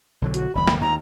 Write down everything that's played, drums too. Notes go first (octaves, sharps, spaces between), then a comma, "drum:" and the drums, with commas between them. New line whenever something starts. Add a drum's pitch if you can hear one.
B1 D3 F#3
F#4, drum: hi-hat
F#1 D#2 B5
drum: snare
D#2 A#5